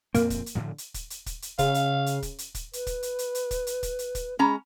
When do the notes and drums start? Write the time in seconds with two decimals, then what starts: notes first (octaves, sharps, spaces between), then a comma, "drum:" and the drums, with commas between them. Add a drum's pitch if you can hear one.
0.14 F2 A#2 A#3 C4, drum: hi-hat
0.30 drum: kick, hi-hat
0.46 drum: hi-hat
0.55 A2 D3 F3
0.78 drum: hi-hat
0.94 drum: kick, hi-hat
1.10 drum: hi-hat
1.26 drum: kick, hi-hat
1.42 drum: hi-hat
1.58 C#3 F5, drum: kick, hi-hat
1.74 drum: hi-hat
2.06 drum: hi-hat
2.22 drum: kick, hi-hat
2.38 drum: hi-hat
2.55 drum: kick, hi-hat
2.73 B4, drum: hi-hat
2.87 drum: kick, hi-hat
3.03 drum: hi-hat
3.19 drum: hi-hat
3.35 drum: hi-hat
3.51 drum: kick, hi-hat
3.67 drum: hi-hat
3.83 drum: kick, hi-hat
3.99 drum: hi-hat
4.15 drum: kick, hi-hat
4.39 G#3 C#4 A#5